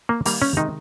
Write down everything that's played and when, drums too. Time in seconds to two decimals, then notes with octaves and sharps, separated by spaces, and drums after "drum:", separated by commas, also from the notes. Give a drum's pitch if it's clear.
0.09 A#3
0.25 D#3 G3 A#3, drum: open hi-hat
0.42 C#4
0.57 C3 D#3 G#3 D#4